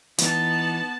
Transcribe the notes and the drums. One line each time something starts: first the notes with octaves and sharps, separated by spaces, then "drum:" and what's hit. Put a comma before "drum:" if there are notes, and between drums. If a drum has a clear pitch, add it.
E3 B3 D#4 A5, drum: hi-hat